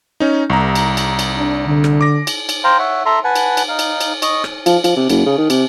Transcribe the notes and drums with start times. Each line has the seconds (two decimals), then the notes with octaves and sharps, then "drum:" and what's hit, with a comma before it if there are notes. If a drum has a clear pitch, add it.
0.20 C#4 D#4
0.50 C2 A#5
0.75 drum: cymbal
0.97 drum: cymbal
1.19 drum: cymbal
1.37 D4
1.66 D3
1.84 drum: rim click
2.01 D6 A#6
2.27 drum: cymbal
2.49 drum: cymbal
2.64 C5 F5 G5 A#5
2.79 C#5 E5 F#5
3.06 A4 E5 A#5 C6
3.24 B4 F#5 G#5 A5
3.36 drum: cymbal
3.57 drum: cymbal
3.69 D#4 F5
3.79 drum: cymbal
4.01 drum: cymbal
4.22 D#5 C#6, drum: cymbal
4.44 drum: rim click
4.66 F3, drum: cymbal
4.84 F3, drum: cymbal
4.97 C3
5.10 F#1, drum: cymbal
5.26 C#3
5.38 D#3
5.50 C3, drum: cymbal